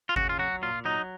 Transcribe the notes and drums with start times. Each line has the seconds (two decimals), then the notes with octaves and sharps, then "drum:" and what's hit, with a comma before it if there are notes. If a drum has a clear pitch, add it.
0.09 F4
0.16 C#3 F#4, drum: kick G1
0.29 F4
0.39 F#3 F#4
0.62 A#2 F4
0.85 F#3 D#4